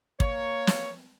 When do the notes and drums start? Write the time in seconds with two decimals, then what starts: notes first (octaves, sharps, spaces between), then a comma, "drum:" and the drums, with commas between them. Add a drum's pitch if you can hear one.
0.20 A#3 C#5, drum: kick
0.67 drum: snare